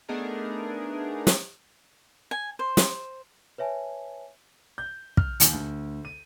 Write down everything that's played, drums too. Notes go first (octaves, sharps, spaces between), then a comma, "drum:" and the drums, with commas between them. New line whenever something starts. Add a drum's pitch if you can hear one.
A3 B3 D4 D#4 G#4 A#4
drum: snare
G#5
C5
drum: snare
B4 C#5 E5 G#5 A5
G6
F6, drum: kick
D#2, drum: hi-hat
D2
D#7